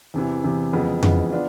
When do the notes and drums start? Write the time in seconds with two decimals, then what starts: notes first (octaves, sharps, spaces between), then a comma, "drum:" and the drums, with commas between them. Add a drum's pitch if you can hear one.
0.14 E2 C3 E3
0.44 E2 C3 E3
0.73 F2 C#3 E3 G#3 B3
1.03 F2 C#3 E3 G#3 B3, drum: tom F2
1.32 B3 D4 F4